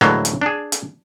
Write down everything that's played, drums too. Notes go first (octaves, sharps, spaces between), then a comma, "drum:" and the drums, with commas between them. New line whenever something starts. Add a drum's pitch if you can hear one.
D2 A2 E3 F#3 G#3 A#3, drum: rim click
drum: hi-hat
D4 G#4
drum: hi-hat